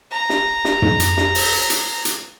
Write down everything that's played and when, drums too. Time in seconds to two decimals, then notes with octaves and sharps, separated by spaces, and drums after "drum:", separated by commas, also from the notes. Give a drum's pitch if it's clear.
0.11 A#5
0.29 drum: snare
0.65 drum: snare
0.82 drum: tom
1.00 drum: hi-hat
1.17 drum: snare
1.35 drum: open hi-hat
1.70 drum: hi-hat
2.05 drum: hi-hat